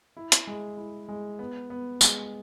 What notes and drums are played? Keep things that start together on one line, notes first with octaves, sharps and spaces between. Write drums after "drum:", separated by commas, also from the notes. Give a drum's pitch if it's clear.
E4
drum: hi-hat
G#3
E4
G#3
B3
B3
G#3, drum: tambourine